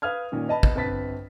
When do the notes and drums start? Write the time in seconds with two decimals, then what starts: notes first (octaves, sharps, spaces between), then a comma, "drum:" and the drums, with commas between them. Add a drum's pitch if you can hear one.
0.02 B4 F5 D#6 F6 G#6
0.32 A#2 D#3 A#3 C#4
0.48 B4 D#5 A5 B5
0.63 drum: kick
0.75 G1 C4 B4 A5 A6 B6